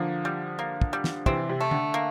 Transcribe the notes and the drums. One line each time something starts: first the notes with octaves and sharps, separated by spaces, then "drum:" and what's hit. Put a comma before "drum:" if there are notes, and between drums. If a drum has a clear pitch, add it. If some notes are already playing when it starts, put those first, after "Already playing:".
Already playing: D3 F3 A#3
G3
A#3
drum: kick
G3
drum: snare
C3 E3 C4, drum: kick
C3
A3
D3, drum: tom
A#3